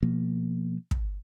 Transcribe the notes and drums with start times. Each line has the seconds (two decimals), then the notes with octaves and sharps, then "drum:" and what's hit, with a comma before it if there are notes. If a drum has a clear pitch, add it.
0.03 B2 F3 A#3
0.91 drum: kick